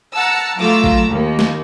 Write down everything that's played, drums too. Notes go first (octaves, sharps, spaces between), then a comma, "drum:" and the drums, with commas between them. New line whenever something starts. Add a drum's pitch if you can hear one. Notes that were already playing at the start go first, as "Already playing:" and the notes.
F#5 A5 A#5 E6
F#3 A3 F4 A#5 D6 E6
drum: kick A1
D#2 A#3
drum: snare